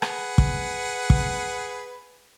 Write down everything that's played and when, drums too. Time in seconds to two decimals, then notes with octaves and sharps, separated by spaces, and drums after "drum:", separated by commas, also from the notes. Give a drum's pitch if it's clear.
0.02 G#4 B4 F#5, drum: rim click
0.38 drum: kick
1.10 drum: kick